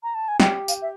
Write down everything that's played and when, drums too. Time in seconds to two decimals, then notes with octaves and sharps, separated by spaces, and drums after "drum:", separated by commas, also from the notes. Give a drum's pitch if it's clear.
0.03 A#5
0.15 A5
0.28 G#5
0.40 G4 G5, drum: snare
0.68 F5, drum: tambourine
0.82 E5